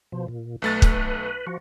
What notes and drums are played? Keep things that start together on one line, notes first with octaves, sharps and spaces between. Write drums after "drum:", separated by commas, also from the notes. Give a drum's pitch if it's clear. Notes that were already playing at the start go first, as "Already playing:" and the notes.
B2 F3
A#2
B1 A3 B4 A6
drum: kick
F3 F#4